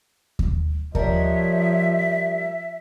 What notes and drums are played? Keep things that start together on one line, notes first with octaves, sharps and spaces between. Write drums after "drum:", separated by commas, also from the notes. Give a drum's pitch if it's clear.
drum: kick D#2
F3 G3 D4 A#4 C#5 D#5 E5, drum: kick D#2